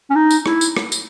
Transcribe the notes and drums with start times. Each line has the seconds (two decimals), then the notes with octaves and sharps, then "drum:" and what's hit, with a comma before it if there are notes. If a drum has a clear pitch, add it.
0.10 C#4
0.15 D#4
0.31 drum: tambourine
0.46 E4, drum: rim click
0.61 drum: tambourine
0.77 drum: rim click
0.92 drum: tambourine